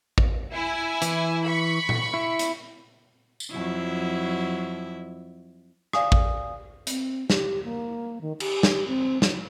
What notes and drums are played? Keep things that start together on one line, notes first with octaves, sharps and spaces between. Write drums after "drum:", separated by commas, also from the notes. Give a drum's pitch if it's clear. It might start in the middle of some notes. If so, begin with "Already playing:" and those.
drum: kick A1
E4 G#5
E3, drum: hi-hat
B5 C#6
drum: tom A#2
E4
drum: hi-hat
drum: tambourine
F2 F#3 E4
D5 F5 G#5 D#6, drum: rim click
drum: kick A1
C4, drum: hi-hat
G4, drum: snare
A#3
D#3
G4, drum: cymbal
drum: snare
C4
F#3, drum: snare